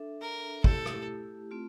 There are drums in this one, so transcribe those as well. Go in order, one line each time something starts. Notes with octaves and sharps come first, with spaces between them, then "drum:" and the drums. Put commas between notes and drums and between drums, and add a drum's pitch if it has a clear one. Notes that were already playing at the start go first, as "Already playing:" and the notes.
Already playing: D4 A4 E5
A#4
A3 E4 G4 A4, drum: kick
drum: rim click
A3 C4 F4